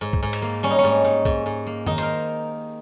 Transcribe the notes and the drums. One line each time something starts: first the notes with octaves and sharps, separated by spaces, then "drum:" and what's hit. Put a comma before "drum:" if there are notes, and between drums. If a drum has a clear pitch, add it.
G#2
drum: kick
G#2
drum: cymbal
A#3
G3 C#4
D#4
C#4
G#2
G#2
G#2, drum: kick
G#2
A#3
D#3 D#4, drum: tom
A#4 C5, drum: hi-hat